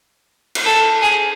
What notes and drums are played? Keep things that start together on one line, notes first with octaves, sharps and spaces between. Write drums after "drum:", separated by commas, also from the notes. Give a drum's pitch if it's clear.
drum: cymbal
A4
G#4